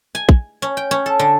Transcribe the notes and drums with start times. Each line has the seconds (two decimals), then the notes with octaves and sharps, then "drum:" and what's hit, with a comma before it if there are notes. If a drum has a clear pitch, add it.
0.15 G#5
0.29 drum: kick
0.62 C#4
0.77 G5
0.91 C#4
1.06 A4
1.19 D3